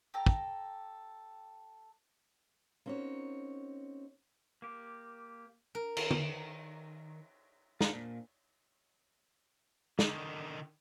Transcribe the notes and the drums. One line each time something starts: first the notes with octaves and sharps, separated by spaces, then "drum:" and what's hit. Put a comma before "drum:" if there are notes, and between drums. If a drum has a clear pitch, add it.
G4 A4 A#5
drum: kick
A#3 C4 C#4 D#4 F#4 C#5
A#3 G4
A#4
D#3, drum: cymbal
drum: tom
F3 D4 F4 A#4 F#5 A#5, drum: snare
A#2
D3 D#3, drum: snare